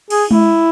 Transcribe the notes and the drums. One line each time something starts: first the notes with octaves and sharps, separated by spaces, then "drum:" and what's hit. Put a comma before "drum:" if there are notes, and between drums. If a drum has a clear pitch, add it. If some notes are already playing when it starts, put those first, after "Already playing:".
G#4, drum: cymbal
E4, drum: tom G#3